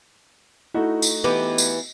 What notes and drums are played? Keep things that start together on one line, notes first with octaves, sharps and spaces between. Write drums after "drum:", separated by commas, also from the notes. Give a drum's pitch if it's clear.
A3 D#4 E4 F#4
drum: tambourine
E3 B3 G4 D#5
drum: tambourine